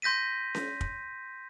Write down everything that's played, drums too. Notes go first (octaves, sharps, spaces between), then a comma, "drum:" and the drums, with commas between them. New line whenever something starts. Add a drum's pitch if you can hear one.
C6 G6 A#6 B6 D#7
drum: snare C#4
drum: kick